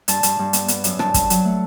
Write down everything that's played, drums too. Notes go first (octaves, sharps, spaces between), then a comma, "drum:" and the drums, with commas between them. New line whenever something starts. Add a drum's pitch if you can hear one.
G2 A5, drum: hi-hat
G2, drum: hi-hat
G2
B3, drum: hi-hat
B3, drum: hi-hat
F#2, drum: hi-hat
G2 A5, drum: rim click
G2, drum: kick, hi-hat
F#3, drum: hi-hat
A3